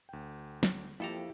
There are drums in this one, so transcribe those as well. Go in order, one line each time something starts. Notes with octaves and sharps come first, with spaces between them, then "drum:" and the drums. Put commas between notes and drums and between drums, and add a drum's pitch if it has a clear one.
D2 G5
drum: snare
F2 F3 A#3 E4 G4 A4 A#5